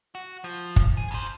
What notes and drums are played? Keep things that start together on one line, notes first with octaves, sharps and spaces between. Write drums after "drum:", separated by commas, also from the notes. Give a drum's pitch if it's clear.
F#4
F3
drum: kick
G#4
F2 C5